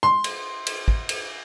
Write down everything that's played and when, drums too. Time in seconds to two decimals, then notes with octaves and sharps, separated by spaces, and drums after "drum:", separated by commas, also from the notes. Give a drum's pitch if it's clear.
0.03 C6
0.24 drum: cymbal
0.66 drum: cymbal
0.88 drum: kick
1.09 drum: cymbal